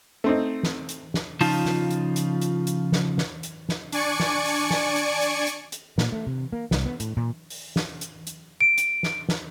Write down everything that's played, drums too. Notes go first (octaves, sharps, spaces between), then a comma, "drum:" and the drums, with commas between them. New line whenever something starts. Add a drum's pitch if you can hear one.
A3 C4 D#4
drum: snare
drum: hi-hat
drum: snare
C#3 F3 D#4 F4 A5, drum: open hi-hat
drum: snare
drum: hi-hat
drum: hi-hat
drum: hi-hat
drum: hi-hat
drum: snare
drum: snare
drum: hi-hat
drum: snare
D4 D5 G#5 C#6 C#7 D7, drum: hi-hat
drum: snare
drum: open hi-hat
drum: snare
drum: hi-hat
drum: hi-hat
drum: hi-hat
drum: hi-hat
A#2, drum: snare
A3
C3
A#3
C2, drum: snare
B3
A2, drum: hi-hat
A#2
drum: open hi-hat
drum: snare
drum: hi-hat
drum: hi-hat
D7
drum: hi-hat
drum: snare
drum: snare